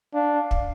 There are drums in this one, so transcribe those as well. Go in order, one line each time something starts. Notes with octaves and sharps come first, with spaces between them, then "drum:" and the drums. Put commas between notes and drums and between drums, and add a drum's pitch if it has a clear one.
D4 F5
drum: kick